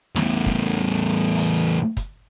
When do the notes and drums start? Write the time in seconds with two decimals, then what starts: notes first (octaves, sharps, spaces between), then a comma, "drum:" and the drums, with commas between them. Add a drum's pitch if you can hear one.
0.16 E2 A2, drum: snare
0.46 drum: kick, hi-hat
0.76 drum: hi-hat
1.06 drum: hi-hat
1.36 drum: open hi-hat
1.67 drum: hi-hat
1.97 drum: kick, hi-hat